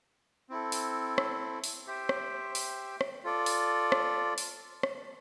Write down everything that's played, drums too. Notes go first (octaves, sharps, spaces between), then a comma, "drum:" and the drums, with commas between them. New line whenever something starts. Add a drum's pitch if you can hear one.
C4 E4 A4
drum: open hi-hat
drum: rim click
drum: open hi-hat
G4 C5 E5 G5
drum: rim click
drum: open hi-hat
drum: rim click
F4 A4 D5
drum: open hi-hat
drum: rim click
drum: open hi-hat
drum: rim click